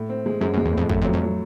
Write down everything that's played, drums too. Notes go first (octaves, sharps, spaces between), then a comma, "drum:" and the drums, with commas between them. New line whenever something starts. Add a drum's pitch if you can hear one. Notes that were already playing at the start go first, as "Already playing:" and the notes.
Already playing: A2
C4
G#3
F#2 G#3
F#2
G#3
E2
F2 A2
F#2 A3, drum: kick
F2
F#3
F2
F#3